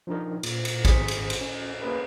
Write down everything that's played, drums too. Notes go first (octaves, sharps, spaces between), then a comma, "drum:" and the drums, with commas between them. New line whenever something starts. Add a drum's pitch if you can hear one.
F3 D4 D#4 A#4
A#2, drum: cymbal
drum: cymbal
G#1 G#4 C5 B6 C#7, drum: kick A1, cymbal
drum: cymbal
drum: cymbal
C#4
A#3 C#4 G#4 A#4 B4